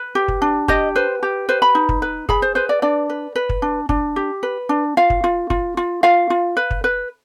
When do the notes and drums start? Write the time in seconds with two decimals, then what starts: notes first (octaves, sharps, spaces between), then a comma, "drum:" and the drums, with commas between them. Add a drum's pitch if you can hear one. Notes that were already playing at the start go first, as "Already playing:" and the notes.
Already playing: B4
0.15 G4
0.28 drum: kick
0.42 D4
0.68 G4 D#5, drum: kick
0.95 B4 C5
1.23 G4
1.49 B4 C5
1.62 B5
1.75 D#4
1.89 drum: kick
2.02 B4
2.29 G#4 B5, drum: kick
2.42 C5
2.55 B4 C5
2.69 D5
2.82 D4 D5
3.10 B4
3.36 B4
3.49 drum: kick
3.62 D4
3.89 D4, drum: kick
4.16 G4
4.43 B4
4.69 D4
4.97 F4 F5
5.10 drum: kick
5.24 F4
5.50 F4, drum: kick
5.77 F4
6.03 F4 F5
6.30 F4
6.57 B4
6.71 drum: kick
6.84 B4